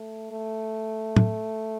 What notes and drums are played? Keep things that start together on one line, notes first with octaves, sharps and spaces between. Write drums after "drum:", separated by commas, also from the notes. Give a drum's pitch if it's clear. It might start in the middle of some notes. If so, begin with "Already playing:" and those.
Already playing: A3
A3
drum: tom